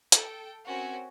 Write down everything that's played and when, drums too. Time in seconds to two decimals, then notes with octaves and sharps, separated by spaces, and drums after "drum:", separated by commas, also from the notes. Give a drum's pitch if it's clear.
0.12 A4 G5, drum: hi-hat
0.66 C4 C#4 F#4 A#4